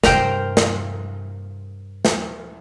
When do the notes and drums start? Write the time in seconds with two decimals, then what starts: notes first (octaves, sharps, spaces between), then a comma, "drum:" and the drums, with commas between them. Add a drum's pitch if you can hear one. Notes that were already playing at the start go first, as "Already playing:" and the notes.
0.03 G2 C3 A#4 C5 G5, drum: snare
0.57 drum: snare
2.05 drum: snare